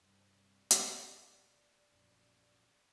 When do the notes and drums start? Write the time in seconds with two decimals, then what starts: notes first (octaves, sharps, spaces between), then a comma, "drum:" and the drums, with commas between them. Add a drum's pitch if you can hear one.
0.01 G2 C3 G3
0.71 drum: hi-hat
0.89 E2 D5 E7
1.29 B2
1.92 A#1 F#2 A2